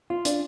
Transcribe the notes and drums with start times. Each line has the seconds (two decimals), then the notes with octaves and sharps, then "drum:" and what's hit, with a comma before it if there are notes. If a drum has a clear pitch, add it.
0.10 F4
0.25 D4, drum: hi-hat